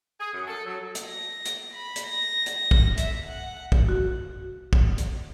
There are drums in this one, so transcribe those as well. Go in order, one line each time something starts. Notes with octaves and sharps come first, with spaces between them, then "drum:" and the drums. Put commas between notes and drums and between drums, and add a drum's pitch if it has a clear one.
G#4
F#2
A4
F#3
drum: hi-hat
A#6
drum: hi-hat
B5
drum: hi-hat
A#6
drum: hi-hat
A#6
drum: kick
E5, drum: hi-hat
F#5
drum: kick
F#4
drum: kick
drum: hi-hat